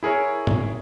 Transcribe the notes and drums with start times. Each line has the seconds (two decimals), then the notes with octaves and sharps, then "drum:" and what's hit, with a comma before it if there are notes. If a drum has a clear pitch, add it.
0.03 E4 G#4 A#4 C#5
0.47 drum: tom